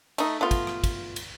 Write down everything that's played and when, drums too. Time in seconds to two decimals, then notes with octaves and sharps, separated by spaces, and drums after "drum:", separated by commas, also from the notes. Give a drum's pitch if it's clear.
0.18 A3 D#4, drum: cymbal
0.41 A3 B3 F4
0.51 drum: kick, cymbal
0.67 drum: rim click
0.84 drum: kick, cymbal
1.16 drum: cymbal